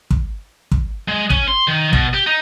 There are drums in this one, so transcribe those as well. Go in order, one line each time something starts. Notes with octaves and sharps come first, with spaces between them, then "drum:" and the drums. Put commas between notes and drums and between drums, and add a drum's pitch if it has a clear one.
drum: kick
drum: kick
G#3
C#4, drum: kick
C6
D#3
B2, drum: kick
G4
D#4